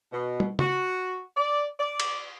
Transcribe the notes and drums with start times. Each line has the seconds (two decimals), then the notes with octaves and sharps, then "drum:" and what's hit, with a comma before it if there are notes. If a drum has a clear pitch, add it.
0.12 B2
0.40 drum: tom
0.59 F#4, drum: tom
1.36 D5
1.79 D5
2.00 drum: cymbal